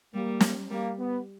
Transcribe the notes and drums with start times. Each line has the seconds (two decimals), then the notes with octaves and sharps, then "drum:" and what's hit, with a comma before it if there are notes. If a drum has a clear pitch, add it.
0.14 G3 A#3
0.41 drum: snare
0.70 G3 A#3
0.99 B3